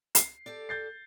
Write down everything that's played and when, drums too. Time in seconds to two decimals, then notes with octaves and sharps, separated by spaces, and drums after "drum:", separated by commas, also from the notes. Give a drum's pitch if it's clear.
0.15 C7, drum: hi-hat
0.46 G4 A4 D5
0.69 G6 A6 C7